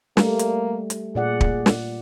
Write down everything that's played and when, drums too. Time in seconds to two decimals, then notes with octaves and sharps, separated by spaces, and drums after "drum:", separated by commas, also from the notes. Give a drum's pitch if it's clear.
0.17 G3 A3 A#3, drum: snare
0.39 drum: hi-hat
0.90 drum: hi-hat
1.15 A#2 G#4 D5 F#5
1.41 drum: kick
1.66 drum: snare